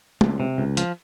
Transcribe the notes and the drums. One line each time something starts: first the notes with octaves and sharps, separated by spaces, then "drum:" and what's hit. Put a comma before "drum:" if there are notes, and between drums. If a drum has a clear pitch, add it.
C#2, drum: tom
C3
C#2
F3, drum: hi-hat